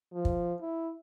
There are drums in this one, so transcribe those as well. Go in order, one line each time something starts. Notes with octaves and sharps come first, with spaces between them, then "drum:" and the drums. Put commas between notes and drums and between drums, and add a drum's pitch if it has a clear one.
F3
drum: kick
E4